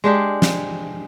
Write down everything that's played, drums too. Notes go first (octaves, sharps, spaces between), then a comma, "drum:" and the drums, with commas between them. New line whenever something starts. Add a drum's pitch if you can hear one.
G#3 D4 G4 G#4
drum: snare